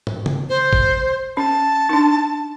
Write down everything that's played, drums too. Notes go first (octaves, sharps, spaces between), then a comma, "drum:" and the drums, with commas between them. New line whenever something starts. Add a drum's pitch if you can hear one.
drum: tom
drum: tom C#3
C5
drum: kick
C#4 A5
D4 D#4